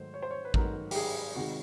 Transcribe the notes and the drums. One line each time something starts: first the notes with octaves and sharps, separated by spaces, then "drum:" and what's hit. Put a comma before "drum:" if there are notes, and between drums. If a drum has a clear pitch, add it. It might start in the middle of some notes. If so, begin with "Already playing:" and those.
Already playing: G#2 D#3 F#3 A3 C5
C#5
C5
C#5
B4
G#2 D#3 F#3 A3 A#4, drum: kick A1
G4, drum: open hi-hat
G#4
C3 D#3 G#3 F#4